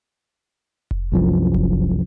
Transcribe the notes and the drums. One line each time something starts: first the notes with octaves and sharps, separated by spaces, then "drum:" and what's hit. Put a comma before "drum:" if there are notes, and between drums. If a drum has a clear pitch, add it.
drum: kick F1
C2 F#2 F3
drum: kick F1